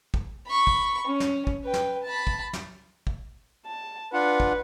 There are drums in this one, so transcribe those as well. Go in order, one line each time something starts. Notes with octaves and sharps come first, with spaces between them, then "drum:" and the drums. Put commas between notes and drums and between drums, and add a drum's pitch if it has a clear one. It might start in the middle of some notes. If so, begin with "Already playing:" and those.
drum: kick
B5 C#6
drum: kick
C#4
drum: snare
drum: kick
B4 G5
drum: snare
A5 B5
drum: kick
drum: snare
drum: kick
A5
D4 F4 B4 F#5
drum: kick